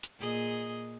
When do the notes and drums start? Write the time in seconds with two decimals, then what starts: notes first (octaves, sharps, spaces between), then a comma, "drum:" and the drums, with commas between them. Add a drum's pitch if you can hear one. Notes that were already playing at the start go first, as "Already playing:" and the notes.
0.03 drum: hi-hat
0.19 A#2 G#4 D#5